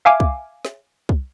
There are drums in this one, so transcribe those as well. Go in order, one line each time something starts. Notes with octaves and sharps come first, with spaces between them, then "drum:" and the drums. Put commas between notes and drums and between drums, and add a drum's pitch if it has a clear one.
E5 F5 G#5 D6
drum: kick
drum: snare
drum: kick